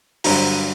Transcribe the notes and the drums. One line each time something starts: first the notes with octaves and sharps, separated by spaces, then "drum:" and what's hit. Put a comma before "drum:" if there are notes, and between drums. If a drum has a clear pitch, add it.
G2 D3 F#3 A#5, drum: open hi-hat